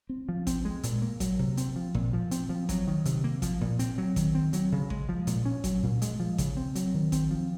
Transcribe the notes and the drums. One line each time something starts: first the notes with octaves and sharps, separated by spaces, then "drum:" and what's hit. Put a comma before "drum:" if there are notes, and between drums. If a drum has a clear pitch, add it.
C4
F3
C4, drum: kick G#1, hi-hat
G#3
A#2, drum: hi-hat
A#3
F#3, drum: kick G#1, hi-hat
C3
C4, drum: hi-hat
F3
A#2, drum: kick G#1
F3
C4, drum: hi-hat
F3
F#3, drum: kick G#1, hi-hat
D#3
C3, drum: hi-hat
A#3
F3, drum: kick G#1, hi-hat
A#2
C4, drum: hi-hat
F#3
D#3, drum: kick G#1, hi-hat
C4
F#3, drum: hi-hat
C#3
G#3, drum: kick G#1
F3
A#2, drum: hi-hat
C#4
F#3, drum: kick G#1, hi-hat
A#2
G#3, drum: hi-hat
F3
C#3, drum: kick G#1, hi-hat
C4
F#3, drum: hi-hat
D#3
C4, drum: kick G#1, hi-hat
F3